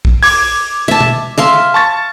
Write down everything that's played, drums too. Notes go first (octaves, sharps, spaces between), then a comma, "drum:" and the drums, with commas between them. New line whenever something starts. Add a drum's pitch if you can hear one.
drum: kick
D6 G#6, drum: open hi-hat
E5 A5
drum: tom
E5 F5 C6
A5 C#6 A6